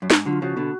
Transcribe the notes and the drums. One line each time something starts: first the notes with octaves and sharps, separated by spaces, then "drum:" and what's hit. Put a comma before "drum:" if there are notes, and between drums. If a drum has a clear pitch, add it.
F#2
G#2, drum: snare
D3 F#3 F4
C#3 F3 F#4
B2 D3